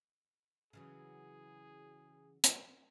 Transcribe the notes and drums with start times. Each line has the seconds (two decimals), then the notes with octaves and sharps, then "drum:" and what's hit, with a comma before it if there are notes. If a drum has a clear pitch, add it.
0.73 C#3 E3 F#3 G#4
2.44 drum: hi-hat